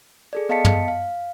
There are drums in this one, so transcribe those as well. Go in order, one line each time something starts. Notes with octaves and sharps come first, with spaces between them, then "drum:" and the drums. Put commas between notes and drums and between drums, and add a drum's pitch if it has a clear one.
G#4 A4 D5
B3 D#5 F5 A5 B6 C#7
drum: tom
F5